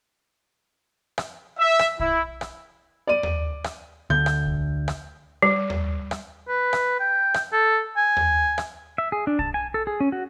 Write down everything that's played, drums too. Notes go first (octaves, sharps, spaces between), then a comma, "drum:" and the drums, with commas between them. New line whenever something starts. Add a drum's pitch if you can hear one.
drum: rim click
E5
drum: rim click
E4, drum: kick
drum: rim click
D5 D#7
drum: tom D#2
drum: rim click
D2 D3 G6
drum: rim click
drum: kick
drum: rim click
G3
drum: tom D#2
drum: rim click
B4
drum: rim click
G5
drum: rim click
A4
G#5
drum: tom D#2
drum: rim click
E5
G#4
D4
A5, drum: kick
G#5
A4
G#4
C#4
F#4